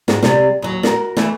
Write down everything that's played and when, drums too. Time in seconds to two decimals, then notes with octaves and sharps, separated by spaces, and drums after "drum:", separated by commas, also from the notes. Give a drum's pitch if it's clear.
0.08 G#2 F#4, drum: snare
0.23 C3 G3, drum: snare
0.62 D#2 F#3
0.83 F#4 A#4, drum: snare
1.17 E3 A3, drum: snare